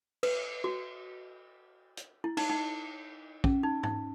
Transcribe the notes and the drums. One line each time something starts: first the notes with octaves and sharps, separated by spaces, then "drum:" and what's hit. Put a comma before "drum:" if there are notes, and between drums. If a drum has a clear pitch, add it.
B4, drum: cymbal
F#4
drum: hi-hat
E4
D#4, drum: cymbal
D#4
C#4, drum: kick
D#4
D#4, drum: tom G#2